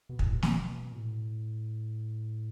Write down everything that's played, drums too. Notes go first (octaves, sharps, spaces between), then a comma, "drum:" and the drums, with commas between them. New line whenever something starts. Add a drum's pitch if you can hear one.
B2
A2, drum: kick
B2
drum: snare
A2